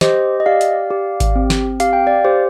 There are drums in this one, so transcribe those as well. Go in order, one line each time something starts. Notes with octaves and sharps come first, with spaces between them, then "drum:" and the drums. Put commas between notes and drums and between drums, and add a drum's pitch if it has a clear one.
G4 C5 D#5, drum: snare
D#5
G4 D5 F5
drum: hi-hat
G4
drum: kick G#1, hi-hat
C4
drum: snare
G4 F5, drum: hi-hat
G5
D5 F5
G4 C5